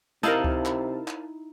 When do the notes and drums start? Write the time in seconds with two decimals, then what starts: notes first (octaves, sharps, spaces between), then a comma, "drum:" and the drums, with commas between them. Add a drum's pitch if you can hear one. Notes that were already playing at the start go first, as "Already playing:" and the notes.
0.23 C3 D#4 E4 A#4 F5 A5, drum: hi-hat
0.44 drum: kick C#2
0.66 drum: clap
1.08 drum: clap